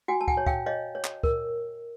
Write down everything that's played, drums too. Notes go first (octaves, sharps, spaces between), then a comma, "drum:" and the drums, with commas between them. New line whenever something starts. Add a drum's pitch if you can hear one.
F#4 F#5 G#5
A5
F#5 G#5, drum: kick
C#5
F5 G5, drum: kick
C#5 D#5 F5
C#5
drum: clap
A#4, drum: kick